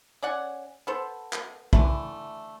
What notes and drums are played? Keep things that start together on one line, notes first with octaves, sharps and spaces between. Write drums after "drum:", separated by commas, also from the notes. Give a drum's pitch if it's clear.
C#4 D5 F#5 G#5
B3 A4 C5
drum: clap
D3 E3 A3 E4, drum: kick